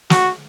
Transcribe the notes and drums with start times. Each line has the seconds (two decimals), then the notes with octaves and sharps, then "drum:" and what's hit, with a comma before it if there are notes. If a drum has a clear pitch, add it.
0.10 F#4, drum: snare